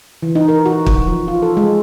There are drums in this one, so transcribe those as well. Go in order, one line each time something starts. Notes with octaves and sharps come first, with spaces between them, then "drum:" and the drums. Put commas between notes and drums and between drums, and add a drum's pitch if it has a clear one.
E3
D#4
A#4
F#4
drum: kick
F3
F4
A4
G#3